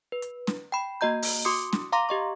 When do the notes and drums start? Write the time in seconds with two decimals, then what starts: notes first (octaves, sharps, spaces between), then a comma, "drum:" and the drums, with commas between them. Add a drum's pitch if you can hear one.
0.12 B4
0.22 drum: hi-hat
0.47 drum: snare
0.72 G5 B5
1.01 A#3 F#4 D#5 A#5 G6
1.22 drum: open hi-hat
1.45 F#4 C6 D6 D#6 C#7
1.73 drum: snare
1.92 F5 A#5 C6 D6 A#6
2.09 G4 D#5 C#6